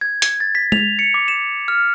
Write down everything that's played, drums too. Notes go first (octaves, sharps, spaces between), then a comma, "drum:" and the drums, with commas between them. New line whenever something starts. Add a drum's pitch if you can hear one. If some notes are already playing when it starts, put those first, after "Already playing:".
G#6
G#6, drum: hi-hat
A6
B6
F7, drum: tom G#3
C#7
D6
E7
F6